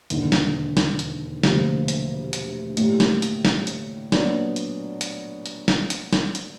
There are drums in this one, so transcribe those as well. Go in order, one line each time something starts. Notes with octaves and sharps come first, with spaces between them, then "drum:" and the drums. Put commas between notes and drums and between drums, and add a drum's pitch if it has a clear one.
E1 D#2 D3, drum: hi-hat
drum: snare
drum: snare
drum: hi-hat
E1 D2 C3 F3 A#3, drum: snare
drum: hi-hat
drum: hi-hat
A2 E3 G3 A#3, drum: hi-hat
drum: snare
drum: hi-hat
drum: snare
drum: hi-hat
A#2 F#3 B3 D4, drum: snare
drum: hi-hat
drum: hi-hat
drum: hi-hat
drum: snare
drum: hi-hat
drum: snare
drum: hi-hat